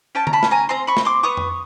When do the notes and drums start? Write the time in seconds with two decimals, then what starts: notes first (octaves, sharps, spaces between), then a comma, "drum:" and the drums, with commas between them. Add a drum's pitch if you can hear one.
0.15 C#4 G5 A5
0.27 A#5, drum: tom D3
0.33 A5 B5
0.43 C#4, drum: snare
0.51 G#5 A#5
0.69 C4 A#5 C6
0.87 B5 C#6
0.97 C4, drum: snare
1.05 C6 D6
1.23 B3 C#6 D#6
1.37 drum: tom F2